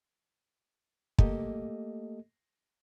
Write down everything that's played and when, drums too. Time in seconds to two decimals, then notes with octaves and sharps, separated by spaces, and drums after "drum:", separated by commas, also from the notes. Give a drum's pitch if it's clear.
1.18 A3 A#3 G4 A4 D#5, drum: kick